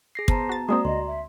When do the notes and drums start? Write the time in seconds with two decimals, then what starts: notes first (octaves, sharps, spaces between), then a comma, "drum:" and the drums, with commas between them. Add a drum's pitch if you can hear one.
0.15 G#4 A#6 C7
0.28 B3 C5 A5 A#5, drum: kick
0.49 F#4 A6
0.69 G#3 A#3 C4 F#4 D5 A#5 D#6
0.85 D2 D#5 C6
1.07 E5